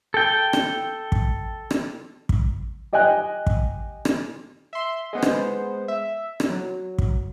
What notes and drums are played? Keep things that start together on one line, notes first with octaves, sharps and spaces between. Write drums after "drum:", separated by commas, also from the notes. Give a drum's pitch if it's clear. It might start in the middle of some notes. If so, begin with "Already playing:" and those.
A4 G5
drum: rim click
drum: kick
drum: rim click
drum: kick
G4 D#5 G5 G#5 F#6
drum: kick
drum: rim click
E5 C6
G#3 B3 C5
drum: rim click
E5
drum: rim click
F#3
drum: kick